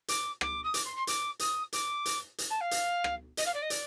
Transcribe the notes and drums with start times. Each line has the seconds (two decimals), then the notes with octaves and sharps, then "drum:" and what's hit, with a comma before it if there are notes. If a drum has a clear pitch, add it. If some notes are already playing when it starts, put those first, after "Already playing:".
0.08 D6, drum: hi-hat
0.41 D6, drum: rim click
0.63 D#6
0.74 D6, drum: hi-hat
0.85 C6
0.96 C6
1.07 D6, drum: hi-hat
1.39 D#6, drum: hi-hat
1.73 D6, drum: hi-hat
2.06 drum: hi-hat
2.38 drum: hi-hat
2.50 A5
2.60 F5
2.71 drum: hi-hat
3.04 drum: rim click
3.37 D#5, drum: hi-hat
3.45 F5
3.54 D5
3.62 D#5
3.70 D5, drum: hi-hat